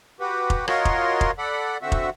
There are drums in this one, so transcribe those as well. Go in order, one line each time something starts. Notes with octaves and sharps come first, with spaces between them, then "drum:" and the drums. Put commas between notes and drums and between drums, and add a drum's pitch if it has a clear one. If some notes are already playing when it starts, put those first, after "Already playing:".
F#4 G4 B4
drum: kick F1
F4 F#4 A#4 C#5 D#5 C6, drum: rim click
drum: kick F1
drum: kick F1
A4 D5 F#5 B5
D3 C4 F#4 E5
drum: kick F1